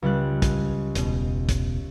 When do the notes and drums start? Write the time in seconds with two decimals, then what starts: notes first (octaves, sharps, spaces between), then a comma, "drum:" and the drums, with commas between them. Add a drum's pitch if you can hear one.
0.02 C#2 G3 F#6
0.42 drum: kick, hi-hat
0.95 E1 B2, drum: hi-hat
1.49 drum: kick, hi-hat